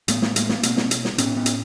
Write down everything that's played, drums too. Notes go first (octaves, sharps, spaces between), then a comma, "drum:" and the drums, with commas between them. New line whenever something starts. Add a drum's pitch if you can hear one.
A2 A3 B3, drum: hi-hat
A3 B3, drum: snare
G#3 A#3, drum: hi-hat
A3 B3, drum: snare
B2 A#3 C4, drum: hi-hat
drum: snare
drum: hi-hat
drum: snare
A2 B3 C#4, drum: hi-hat
B3 C#4
drum: hi-hat